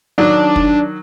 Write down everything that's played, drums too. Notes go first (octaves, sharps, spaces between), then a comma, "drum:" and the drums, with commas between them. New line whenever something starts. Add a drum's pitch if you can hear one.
D#3 F#3 D4
drum: kick